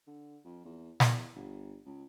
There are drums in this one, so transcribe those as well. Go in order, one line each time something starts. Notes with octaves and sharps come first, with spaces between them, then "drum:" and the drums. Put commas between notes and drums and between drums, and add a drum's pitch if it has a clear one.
D3
F2
E2
E2, drum: snare
G1
C#2